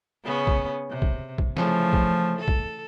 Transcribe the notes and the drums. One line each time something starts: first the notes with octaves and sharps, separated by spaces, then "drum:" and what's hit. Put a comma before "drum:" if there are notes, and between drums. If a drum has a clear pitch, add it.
C#3 B3 C#4
drum: kick
C3
drum: kick
drum: kick
C#3 E3 F3 A3, drum: snare
drum: kick
A4
drum: kick